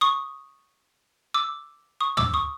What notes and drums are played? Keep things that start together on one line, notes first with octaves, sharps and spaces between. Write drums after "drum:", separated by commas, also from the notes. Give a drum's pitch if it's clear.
C#6 D#6
D6 E6
C#6 D#6
D6 E6, drum: tom
C#6 D#6